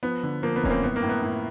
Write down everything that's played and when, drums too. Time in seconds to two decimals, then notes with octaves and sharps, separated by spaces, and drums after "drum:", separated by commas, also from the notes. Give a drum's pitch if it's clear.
0.03 F3 B3
0.23 D3
0.43 F3 A#3
0.56 B3
0.63 F#2 C#4, drum: kick D#1
0.70 A#3 C4
0.83 A2 B3
0.96 A#3
1.03 A2
1.09 B3
1.22 A2